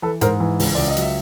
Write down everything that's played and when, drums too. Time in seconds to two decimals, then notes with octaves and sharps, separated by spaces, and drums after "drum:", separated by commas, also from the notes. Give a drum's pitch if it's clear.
0.02 E3 A4 B4
0.21 G#2 A#4 C5, drum: hi-hat
0.40 E3
0.60 C#2, drum: open hi-hat
0.75 C#2 D5
0.88 D#5
0.97 F#3, drum: hi-hat
1.02 E5